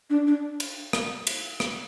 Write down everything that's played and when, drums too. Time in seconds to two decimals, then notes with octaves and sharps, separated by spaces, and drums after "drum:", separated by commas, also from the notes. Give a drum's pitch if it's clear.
0.10 D4
0.27 D4
0.60 drum: cymbal
0.93 drum: rim click
1.27 drum: cymbal
1.60 drum: rim click